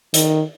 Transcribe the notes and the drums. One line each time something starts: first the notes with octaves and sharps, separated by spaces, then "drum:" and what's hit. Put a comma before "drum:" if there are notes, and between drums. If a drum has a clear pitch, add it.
D#3, drum: hi-hat